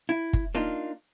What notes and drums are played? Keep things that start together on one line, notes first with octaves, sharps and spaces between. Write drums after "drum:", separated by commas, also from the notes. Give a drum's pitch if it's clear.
E4
drum: kick
A#3 D4 D#4 F4